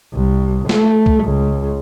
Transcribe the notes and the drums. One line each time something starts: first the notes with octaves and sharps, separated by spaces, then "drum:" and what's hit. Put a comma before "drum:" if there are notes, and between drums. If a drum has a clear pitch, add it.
C2
A3, drum: snare
drum: kick C2
C#2